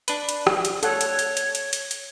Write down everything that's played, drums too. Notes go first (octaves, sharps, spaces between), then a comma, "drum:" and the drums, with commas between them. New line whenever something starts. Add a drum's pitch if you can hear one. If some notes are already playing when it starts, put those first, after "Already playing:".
D4 B4, drum: hi-hat
drum: hi-hat
drum: rim click
drum: hi-hat
A4 C#5 F#5, drum: hi-hat
drum: hi-hat
drum: hi-hat
drum: hi-hat
drum: hi-hat
drum: hi-hat
drum: hi-hat